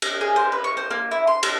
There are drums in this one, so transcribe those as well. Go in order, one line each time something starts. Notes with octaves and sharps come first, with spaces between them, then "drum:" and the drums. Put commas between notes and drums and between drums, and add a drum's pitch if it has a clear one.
drum: cymbal
G#4
C5
B4
C#6
C5
A#3
E4
C6
A5, drum: cymbal